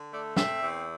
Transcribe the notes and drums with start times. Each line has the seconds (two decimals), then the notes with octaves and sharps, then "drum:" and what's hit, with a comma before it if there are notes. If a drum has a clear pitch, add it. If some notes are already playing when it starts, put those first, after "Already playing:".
Already playing: D3
0.12 A3 D5
0.36 C4 E5, drum: snare
0.61 E2